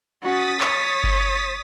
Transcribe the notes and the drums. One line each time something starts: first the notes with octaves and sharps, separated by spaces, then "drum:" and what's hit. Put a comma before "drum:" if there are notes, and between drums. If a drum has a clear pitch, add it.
C#4 F#4 D#6 A6 B6
C#5, drum: clap
drum: kick G1